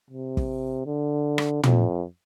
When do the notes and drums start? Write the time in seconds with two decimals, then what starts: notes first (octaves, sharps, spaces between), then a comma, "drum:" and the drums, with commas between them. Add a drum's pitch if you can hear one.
0.10 C3
0.37 drum: kick
0.86 D3
1.38 drum: rim click
1.63 F2, drum: tom